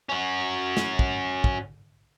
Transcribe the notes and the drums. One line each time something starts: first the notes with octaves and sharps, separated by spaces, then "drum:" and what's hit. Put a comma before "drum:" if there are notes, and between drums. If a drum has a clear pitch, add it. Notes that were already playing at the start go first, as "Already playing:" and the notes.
C#4 F#4
drum: snare
drum: kick
drum: kick